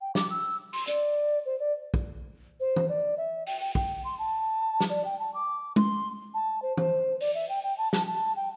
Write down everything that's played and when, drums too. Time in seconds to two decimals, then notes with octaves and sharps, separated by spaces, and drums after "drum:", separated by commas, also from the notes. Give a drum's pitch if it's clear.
0.01 G5
0.15 D6, drum: snare
0.30 E6
0.73 C6, drum: open hi-hat
0.87 D5, drum: hi-hat
1.45 C5
1.60 D5
1.94 drum: kick
2.60 C5
2.76 drum: tom E3
2.89 D5
3.18 E5
3.47 G5, drum: open hi-hat
3.61 G5
3.75 G5, drum: kick
4.04 C6
4.19 A5
4.80 drum: snare
4.90 D5
5.05 G5
5.19 A5
5.34 D6
5.76 C6, drum: tom G#3
6.34 A5
6.62 C5
6.77 C5, drum: tom E3
7.21 D5, drum: open hi-hat
7.35 E5
7.49 G5
7.64 G5
7.78 A5
7.93 A5, drum: snare
8.07 A5
8.36 G5